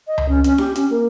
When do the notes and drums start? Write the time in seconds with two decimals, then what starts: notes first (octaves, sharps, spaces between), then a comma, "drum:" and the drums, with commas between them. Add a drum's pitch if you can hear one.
0.07 D#5
0.18 drum: tom C#2
0.28 C#4
0.44 C#4, drum: hi-hat
0.58 G4, drum: snare E4
0.75 C#4, drum: hi-hat
0.90 A#3